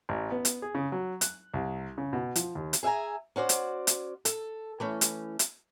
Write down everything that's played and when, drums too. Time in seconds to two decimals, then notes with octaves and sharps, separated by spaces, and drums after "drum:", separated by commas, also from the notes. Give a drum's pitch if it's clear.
0.09 A1
0.30 B3
0.45 drum: hi-hat
0.62 G#4
0.75 C#3
0.92 F#3
1.21 F#6, drum: hi-hat
1.54 C2
1.98 C#3
2.13 B2
2.36 F3, drum: hi-hat
2.55 D#2
2.73 drum: hi-hat
2.83 G#4 E5 F#5 G#5 A#5
3.36 C#4 F#4 C5 D5
3.49 drum: hi-hat
3.87 drum: hi-hat
4.25 A4, drum: hi-hat
4.80 E3 A3 C#4
5.01 drum: hi-hat
5.39 drum: hi-hat